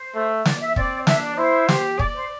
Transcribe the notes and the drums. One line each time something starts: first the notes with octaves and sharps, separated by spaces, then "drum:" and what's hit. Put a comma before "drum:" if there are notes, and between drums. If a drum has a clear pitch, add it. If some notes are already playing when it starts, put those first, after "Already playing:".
Already playing: C5
A3
D5, drum: snare
E5
C4 D5, drum: kick
D4 E5, drum: snare
D5
E4 C5
G4, drum: snare
D5, drum: kick
C5